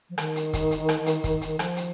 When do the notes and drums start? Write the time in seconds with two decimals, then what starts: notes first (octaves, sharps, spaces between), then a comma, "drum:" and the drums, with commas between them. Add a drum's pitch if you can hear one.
0.10 F3
0.18 D#3, drum: rim click
0.36 drum: hi-hat
0.53 drum: kick, hi-hat
0.71 drum: hi-hat
0.89 drum: rim click
1.06 drum: hi-hat
1.24 drum: kick, hi-hat
1.41 drum: hi-hat
1.59 F3, drum: rim click
1.77 drum: hi-hat